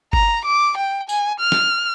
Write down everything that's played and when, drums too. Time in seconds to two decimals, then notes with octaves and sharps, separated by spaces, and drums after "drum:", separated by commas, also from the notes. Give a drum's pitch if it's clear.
0.13 A#5, drum: kick G1
0.45 D6
0.77 G5
1.09 G#5, drum: tambourine
1.40 F6
1.52 drum: snare